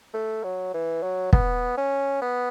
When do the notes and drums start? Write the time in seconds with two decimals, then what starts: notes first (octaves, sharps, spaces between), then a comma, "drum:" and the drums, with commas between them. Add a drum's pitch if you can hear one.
0.14 A3
0.44 F#3
0.74 E3
1.03 F#3
1.33 B3, drum: kick
1.77 C#4
2.22 B3